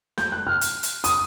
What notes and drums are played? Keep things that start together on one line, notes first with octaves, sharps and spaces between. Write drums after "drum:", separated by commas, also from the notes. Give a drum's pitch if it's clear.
G6, drum: snare
F#6
F6
drum: hi-hat
drum: hi-hat
D#6, drum: hi-hat